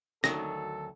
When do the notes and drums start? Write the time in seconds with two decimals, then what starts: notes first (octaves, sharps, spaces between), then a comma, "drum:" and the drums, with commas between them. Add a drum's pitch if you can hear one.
0.24 D2 D#3 F#3 A4 A#6, drum: snare